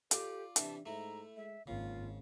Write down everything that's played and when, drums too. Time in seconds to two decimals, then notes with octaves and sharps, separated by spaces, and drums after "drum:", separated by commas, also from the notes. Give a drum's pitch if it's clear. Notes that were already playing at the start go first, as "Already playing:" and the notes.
0.11 F4 G4 A4 D5, drum: hi-hat
0.56 C3 E3 D4 A5, drum: hi-hat
0.86 G#2 A3 E4 A#5
1.37 G#3 E5
1.67 G#1 C#3 A#3 F4